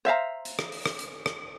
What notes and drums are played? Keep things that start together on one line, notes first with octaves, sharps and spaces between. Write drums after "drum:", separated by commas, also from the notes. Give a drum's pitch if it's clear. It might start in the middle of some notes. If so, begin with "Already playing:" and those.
C5 E5 F5 A#5
drum: hi-hat
drum: rim click
drum: open hi-hat
drum: rim click
drum: hi-hat
drum: rim click